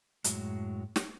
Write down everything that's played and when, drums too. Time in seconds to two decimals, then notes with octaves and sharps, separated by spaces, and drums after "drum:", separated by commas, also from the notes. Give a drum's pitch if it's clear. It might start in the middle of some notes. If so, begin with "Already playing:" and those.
0.24 F#2 A2 F#3 G#3, drum: hi-hat
0.96 drum: snare